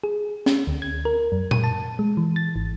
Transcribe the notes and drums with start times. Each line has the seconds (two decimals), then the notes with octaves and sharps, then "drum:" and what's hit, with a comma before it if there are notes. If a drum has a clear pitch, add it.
0.04 G#4
0.46 C#4, drum: snare
0.67 D2
0.82 G#6
1.05 A#4
1.32 F#2
1.51 D#7, drum: tom A#2
1.64 A5
1.99 G#3
2.17 E3
2.36 A6
2.56 G#1